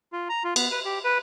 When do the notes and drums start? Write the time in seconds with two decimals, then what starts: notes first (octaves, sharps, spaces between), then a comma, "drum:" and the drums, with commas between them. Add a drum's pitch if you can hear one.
0.13 F4
0.29 A#5
0.44 F4
0.56 B3, drum: cymbal
0.71 B4
0.85 G4
1.04 B4